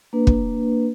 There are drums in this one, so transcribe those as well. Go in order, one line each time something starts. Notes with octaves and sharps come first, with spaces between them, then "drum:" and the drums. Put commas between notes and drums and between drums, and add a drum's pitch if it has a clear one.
A#3 D4 B4
drum: kick